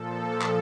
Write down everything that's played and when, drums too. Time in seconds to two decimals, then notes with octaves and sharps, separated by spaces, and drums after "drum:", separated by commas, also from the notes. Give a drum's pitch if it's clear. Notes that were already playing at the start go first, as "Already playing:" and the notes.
Already playing: A#2 F3 A4
0.42 drum: clap